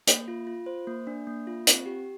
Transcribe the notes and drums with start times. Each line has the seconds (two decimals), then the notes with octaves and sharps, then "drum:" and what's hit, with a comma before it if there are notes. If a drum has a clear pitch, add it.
0.07 A#3, drum: hi-hat
0.28 F4
0.47 F4
0.66 C5
0.87 A#3
1.07 D4
1.27 A#3
1.47 F4
1.67 C4, drum: hi-hat
1.86 G4